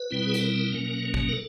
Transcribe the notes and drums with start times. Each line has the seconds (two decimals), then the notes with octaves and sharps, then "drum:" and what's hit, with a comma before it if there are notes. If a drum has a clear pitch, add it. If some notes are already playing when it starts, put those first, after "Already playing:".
Already playing: B4
0.10 B2 G3 C4 E4
0.26 G#4
0.34 A4, drum: hi-hat
0.41 A#4
0.72 B2 F#3 A#3 C#4
1.14 drum: kick
1.29 A#4
1.33 A4